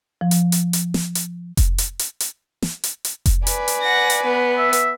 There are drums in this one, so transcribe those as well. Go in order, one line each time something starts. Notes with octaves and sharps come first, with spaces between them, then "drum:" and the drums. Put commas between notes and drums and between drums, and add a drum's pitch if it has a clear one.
F3
drum: hi-hat
drum: hi-hat
drum: hi-hat
drum: snare
drum: hi-hat
drum: kick F1, hi-hat
drum: hi-hat
drum: hi-hat
drum: hi-hat
drum: snare
drum: hi-hat
drum: hi-hat
drum: kick F1, hi-hat
B4 D5 G#5, drum: hi-hat
drum: hi-hat
F#5 A#6
drum: hi-hat
B3
E5
drum: hi-hat